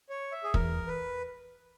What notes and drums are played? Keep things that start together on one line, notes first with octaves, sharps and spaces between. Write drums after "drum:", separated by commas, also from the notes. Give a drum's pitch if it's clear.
C#5
E5
G#4
E2 A#4, drum: kick
B4